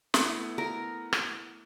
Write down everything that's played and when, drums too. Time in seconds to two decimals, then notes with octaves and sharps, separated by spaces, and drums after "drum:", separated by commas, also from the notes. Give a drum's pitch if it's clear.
0.14 A3 B3 E4, drum: snare
0.58 A#4
1.13 drum: rim click